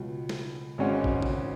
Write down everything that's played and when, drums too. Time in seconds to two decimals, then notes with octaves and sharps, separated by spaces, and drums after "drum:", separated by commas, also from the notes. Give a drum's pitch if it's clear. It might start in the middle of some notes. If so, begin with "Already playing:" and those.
Already playing: C#2 B2 F#3
0.29 drum: snare
0.78 G#1 G#2 G#3 C#4 F#4
1.04 drum: kick A1
1.23 drum: tom C3